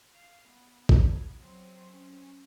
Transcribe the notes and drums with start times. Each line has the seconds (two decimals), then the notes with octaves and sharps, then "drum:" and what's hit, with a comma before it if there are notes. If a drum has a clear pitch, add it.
0.14 F5
0.50 B3
0.89 F3 G#6, drum: kick
1.38 F#3 G#3 C4
1.90 C#4